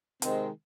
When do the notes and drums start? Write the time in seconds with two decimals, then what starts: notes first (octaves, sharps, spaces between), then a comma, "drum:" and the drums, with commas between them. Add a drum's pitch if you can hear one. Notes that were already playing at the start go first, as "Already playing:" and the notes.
0.22 C3 D#3 G#3 C4, drum: hi-hat